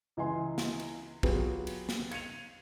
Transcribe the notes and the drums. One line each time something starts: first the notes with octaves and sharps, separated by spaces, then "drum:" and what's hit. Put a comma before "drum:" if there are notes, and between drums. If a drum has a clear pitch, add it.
C#2 E3 D#5 G#5 C6
drum: snare
drum: cymbal
F#3 B3 F4 G4 G#4 B4, drum: kick
drum: cymbal
drum: snare
G#6 C#7 D#7 F7, drum: cymbal